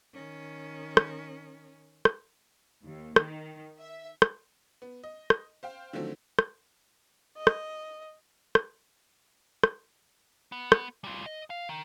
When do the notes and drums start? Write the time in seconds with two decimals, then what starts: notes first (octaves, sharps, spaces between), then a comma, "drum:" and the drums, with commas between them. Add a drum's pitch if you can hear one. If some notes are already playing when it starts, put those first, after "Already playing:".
0.14 D#3 C#4
0.97 drum: rim click
2.05 drum: rim click
2.84 D#2
3.16 D#3, drum: rim click
3.79 E5
4.22 drum: rim click
4.82 B3
5.04 D#5
5.30 drum: rim click
5.63 C5 F5 G5
5.93 D3 D#3 F3 F#3 A3 C4
6.39 drum: rim click
7.37 D#5
7.47 drum: rim click
8.55 drum: rim click
9.63 drum: rim click
10.52 B3
10.72 drum: rim click
11.04 G3 F4
11.26 D#5
11.50 F5
11.69 D#3